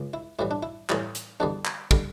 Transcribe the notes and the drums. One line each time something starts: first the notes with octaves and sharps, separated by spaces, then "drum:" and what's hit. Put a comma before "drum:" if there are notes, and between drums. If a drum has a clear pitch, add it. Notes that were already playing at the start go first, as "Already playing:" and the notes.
Already playing: C#2 C#3
E4
A2 E3 G3 E4
D4
E4
A2 E3 G3, drum: clap
drum: hi-hat
E2 D3 G3 D4
drum: clap
D3 G3, drum: kick